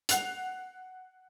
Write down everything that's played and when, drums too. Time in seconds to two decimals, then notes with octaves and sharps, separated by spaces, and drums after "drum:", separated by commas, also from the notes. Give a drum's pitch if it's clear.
0.09 F#5 F#6 C7 F7, drum: hi-hat